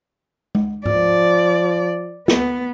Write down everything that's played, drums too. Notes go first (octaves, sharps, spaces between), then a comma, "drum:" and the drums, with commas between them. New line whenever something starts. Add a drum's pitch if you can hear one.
drum: tom G#3
F3 D5, drum: tom G#2
B3, drum: snare